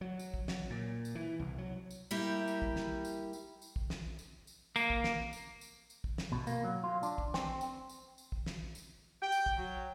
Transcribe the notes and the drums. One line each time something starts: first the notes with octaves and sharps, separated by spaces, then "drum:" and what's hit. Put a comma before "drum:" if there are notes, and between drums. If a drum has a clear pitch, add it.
F#3
drum: tambourine
drum: kick
F#3, drum: snare
A#2
drum: tambourine
E3
C2
F#3
drum: tambourine
G3 A#3 E4 G4 E5
drum: tambourine
drum: kick
drum: snare
drum: tambourine
drum: tambourine
drum: tambourine
drum: kick
drum: snare
drum: tambourine
drum: tambourine
A#3, drum: tambourine
drum: kick
drum: snare
drum: tambourine
drum: tambourine
drum: tambourine
drum: kick
drum: snare
B2
A#3, drum: tambourine
F#3
F4
D4, drum: tambourine
drum: kick
C4, drum: snare
drum: tambourine
drum: tambourine
drum: tambourine
drum: kick
drum: snare
drum: tambourine
G5
drum: tambourine
drum: kick
F#3